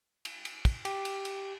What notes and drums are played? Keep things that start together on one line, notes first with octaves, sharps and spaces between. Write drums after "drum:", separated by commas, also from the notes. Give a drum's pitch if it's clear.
drum: cymbal
drum: cymbal
drum: kick, cymbal
G4, drum: cymbal
drum: cymbal
drum: cymbal